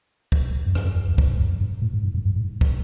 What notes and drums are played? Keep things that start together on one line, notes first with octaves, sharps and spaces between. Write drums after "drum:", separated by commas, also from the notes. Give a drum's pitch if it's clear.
drum: kick
F#2
F2, drum: rim click
F#2
F2
E2
F2, drum: kick
F#2
G2
A2
G#2
G2
F#2
G2
G#2
drum: kick